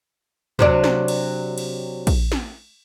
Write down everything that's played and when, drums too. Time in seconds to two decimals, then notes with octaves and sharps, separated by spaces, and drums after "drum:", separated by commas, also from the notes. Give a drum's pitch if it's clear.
0.59 C3 F#3 D4, drum: tom
0.84 drum: snare
1.08 drum: cymbal
1.58 drum: cymbal
2.07 drum: kick, cymbal
2.32 drum: snare